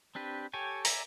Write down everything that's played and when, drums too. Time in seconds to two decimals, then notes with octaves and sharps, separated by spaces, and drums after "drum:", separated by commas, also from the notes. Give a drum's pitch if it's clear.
0.15 C4 D4 G4 B4
0.54 G4 A4 C#5 G5 G#5
0.85 D5 E5 G#5 A#5, drum: open hi-hat